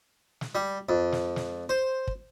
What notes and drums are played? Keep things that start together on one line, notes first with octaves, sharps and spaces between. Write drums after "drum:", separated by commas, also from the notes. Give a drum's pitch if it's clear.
drum: snare
G3
F2
drum: snare
drum: snare
C5
drum: kick